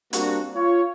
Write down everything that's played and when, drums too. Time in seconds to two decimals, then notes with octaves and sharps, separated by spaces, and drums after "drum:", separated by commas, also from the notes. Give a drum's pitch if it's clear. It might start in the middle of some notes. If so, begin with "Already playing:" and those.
0.13 G3 A#3 C4 D4 F#4, drum: hi-hat
0.54 F4 C#5